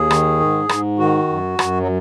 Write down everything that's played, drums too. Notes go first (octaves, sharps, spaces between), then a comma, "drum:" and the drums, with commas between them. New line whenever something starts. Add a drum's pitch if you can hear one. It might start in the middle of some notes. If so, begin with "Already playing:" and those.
Already playing: D#2 G#4
D#3, drum: rim click
G#2
G#2, drum: rim click
D#3 F#4
F#2
F#2, drum: rim click
F#3